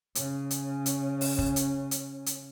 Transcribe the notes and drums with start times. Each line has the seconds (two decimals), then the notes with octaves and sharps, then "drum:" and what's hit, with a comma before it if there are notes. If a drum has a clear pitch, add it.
0.15 C#3 C#4, drum: hi-hat
0.51 drum: hi-hat
0.86 drum: hi-hat
1.21 drum: open hi-hat
1.38 drum: kick
1.56 drum: hi-hat
1.91 drum: hi-hat
2.26 drum: hi-hat